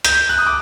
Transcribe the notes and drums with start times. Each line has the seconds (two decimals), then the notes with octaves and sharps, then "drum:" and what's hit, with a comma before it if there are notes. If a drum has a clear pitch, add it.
0.05 G6, drum: hi-hat
0.29 F#6
0.38 D#6
0.47 D6